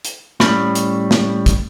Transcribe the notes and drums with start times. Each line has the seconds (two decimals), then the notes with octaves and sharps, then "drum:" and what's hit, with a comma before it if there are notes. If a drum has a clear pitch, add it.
0.05 drum: hi-hat
0.40 A2 G3 C#4 B5, drum: snare
0.75 drum: hi-hat
1.11 drum: snare
1.46 drum: kick, hi-hat